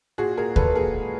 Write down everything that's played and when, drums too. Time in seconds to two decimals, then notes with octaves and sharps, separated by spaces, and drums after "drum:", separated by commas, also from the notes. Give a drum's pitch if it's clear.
0.18 A#2 F#4 G#4
0.37 A#2 G#4 A#4
0.56 A#2 A4 B4, drum: kick D2
0.75 A#2 G#4 A#4
0.94 G#3